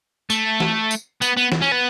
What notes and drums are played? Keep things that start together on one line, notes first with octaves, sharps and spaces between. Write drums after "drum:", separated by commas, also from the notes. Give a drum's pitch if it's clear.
A3, drum: tambourine
drum: snare
drum: tambourine
B3, drum: tambourine
B3
drum: snare
C#4
B3